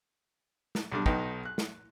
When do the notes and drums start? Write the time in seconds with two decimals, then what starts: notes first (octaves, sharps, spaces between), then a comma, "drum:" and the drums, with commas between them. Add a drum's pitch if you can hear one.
0.75 drum: snare
0.92 B1 G3 D4
1.06 B1 B3 D#4 G5, drum: kick
1.45 F#6
1.58 drum: snare